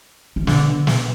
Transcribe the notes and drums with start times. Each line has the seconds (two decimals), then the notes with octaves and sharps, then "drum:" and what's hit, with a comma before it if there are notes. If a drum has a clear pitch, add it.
0.36 E3
0.47 D3, drum: snare
0.87 drum: snare